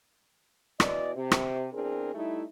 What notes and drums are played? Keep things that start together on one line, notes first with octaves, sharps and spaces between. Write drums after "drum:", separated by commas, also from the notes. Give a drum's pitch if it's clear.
B2 E3 D5 D#5, drum: rim click
C3
drum: rim click
E2 C4 D4 G#4 A#4
G3 A3 D#4 E4